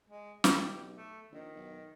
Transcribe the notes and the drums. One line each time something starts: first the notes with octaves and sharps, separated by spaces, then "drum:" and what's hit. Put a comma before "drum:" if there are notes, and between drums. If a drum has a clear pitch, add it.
G#3
B1 G4, drum: snare
A3
A#1 D#3
B1